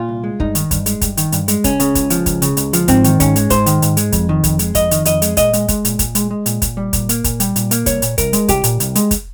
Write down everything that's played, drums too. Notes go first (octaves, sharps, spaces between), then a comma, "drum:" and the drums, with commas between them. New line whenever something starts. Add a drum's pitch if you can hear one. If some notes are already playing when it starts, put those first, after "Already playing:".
Already playing: A#2 F4
C2
G#3
G2 D#4, drum: kick
D#3, drum: hi-hat
G2, drum: kick, hi-hat
G#3, drum: hi-hat
G2, drum: kick, hi-hat
D#3, drum: hi-hat
G2, drum: hi-hat
G#3, drum: hi-hat
C#2 C#4, drum: kick, hi-hat
C#3, drum: hi-hat
C#2, drum: kick, hi-hat
F3, drum: hi-hat
C#2, drum: kick, hi-hat
C#3, drum: hi-hat
C#2, drum: hi-hat
F3, drum: hi-hat
G#2 C4, drum: kick, hi-hat
D#3, drum: hi-hat
G#2 C#4, drum: kick, hi-hat
G#3, drum: hi-hat
G#2 C5, drum: kick, hi-hat
D#3, drum: hi-hat
G#2, drum: hi-hat
G#3, drum: hi-hat
F2, drum: kick, hi-hat
D#3
F2, drum: kick, hi-hat
G#3, drum: hi-hat
F2 D#5, drum: kick, hi-hat
D#3, drum: hi-hat
F2 D#5, drum: hi-hat
G#3, drum: hi-hat
A#2 D#5, drum: kick, hi-hat
G#3, drum: hi-hat
G#3, drum: kick, hi-hat
A#2, drum: hi-hat
A#2, drum: kick, hi-hat
G#3, drum: hi-hat
G#3
A#2, drum: hi-hat
A#2, drum: kick, hi-hat
G3
A#2, drum: kick, hi-hat
A#3, drum: hi-hat
A#2, drum: kick, hi-hat
G3, drum: hi-hat
A#2, drum: hi-hat
A#3, drum: hi-hat
C2 C#5, drum: kick, hi-hat
A#2, drum: hi-hat
C2 A#4, drum: kick, hi-hat
G#3, drum: hi-hat
C2 G4, drum: kick, hi-hat
A#2, drum: hi-hat
C2, drum: hi-hat
G#3, drum: hi-hat
drum: kick, hi-hat